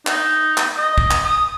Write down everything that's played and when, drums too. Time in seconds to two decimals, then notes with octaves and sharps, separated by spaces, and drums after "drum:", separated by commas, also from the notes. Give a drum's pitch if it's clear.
0.07 D#4, drum: clap
0.57 drum: clap
0.78 D#5
0.98 drum: kick
1.11 drum: clap
1.24 D#6